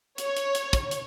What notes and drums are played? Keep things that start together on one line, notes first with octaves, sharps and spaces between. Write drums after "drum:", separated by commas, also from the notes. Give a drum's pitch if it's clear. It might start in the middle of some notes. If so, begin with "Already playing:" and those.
C#5, drum: hi-hat
drum: hi-hat
drum: hi-hat
drum: kick, hi-hat
drum: hi-hat